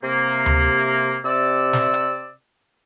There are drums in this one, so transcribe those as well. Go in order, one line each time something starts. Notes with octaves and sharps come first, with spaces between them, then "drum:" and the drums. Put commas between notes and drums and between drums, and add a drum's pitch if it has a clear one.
C3 A#3
drum: tom D2
C3 D5 E6
drum: snare
drum: hi-hat